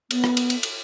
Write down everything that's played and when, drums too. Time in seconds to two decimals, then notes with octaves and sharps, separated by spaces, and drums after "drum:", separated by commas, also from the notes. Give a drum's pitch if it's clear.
0.11 B3, drum: cymbal
0.24 drum: rim click
0.37 drum: cymbal
0.50 drum: cymbal
0.63 drum: cymbal